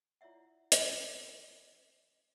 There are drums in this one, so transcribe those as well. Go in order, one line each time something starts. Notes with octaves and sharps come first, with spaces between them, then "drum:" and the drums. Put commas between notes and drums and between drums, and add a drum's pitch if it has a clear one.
E4 F4 C#5 D5 E5 F#5
drum: hi-hat